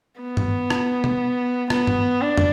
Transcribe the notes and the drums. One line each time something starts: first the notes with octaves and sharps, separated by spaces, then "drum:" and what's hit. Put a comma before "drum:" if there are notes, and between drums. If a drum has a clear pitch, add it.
B3
drum: tom G2
drum: rim click
drum: tom B2
B3, drum: rim click
drum: tom G2
D4
drum: tom